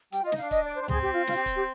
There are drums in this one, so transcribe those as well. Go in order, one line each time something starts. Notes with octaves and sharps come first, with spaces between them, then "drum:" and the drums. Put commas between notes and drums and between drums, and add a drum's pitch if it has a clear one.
G3 G5, drum: hi-hat
F4 D#5
D#4, drum: snare
D4 F5
D#5, drum: kick, hi-hat
D5
C5
D4
C4 G#4, drum: tom
G4
F4
F4, drum: snare
G4
drum: kick, hi-hat
G4